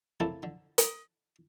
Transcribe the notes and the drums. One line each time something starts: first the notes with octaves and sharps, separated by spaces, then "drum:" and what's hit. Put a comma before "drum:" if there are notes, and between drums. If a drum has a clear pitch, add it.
C#3 A3 A#3 C4 E4 A4
D3
drum: hi-hat